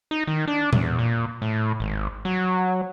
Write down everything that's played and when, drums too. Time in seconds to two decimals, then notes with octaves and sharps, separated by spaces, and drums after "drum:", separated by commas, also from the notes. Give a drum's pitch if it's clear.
0.11 D#4
0.27 D#3
0.48 D4
0.73 E2, drum: tom A#2
0.99 A#2
1.42 A2
1.80 G#1
2.25 F#3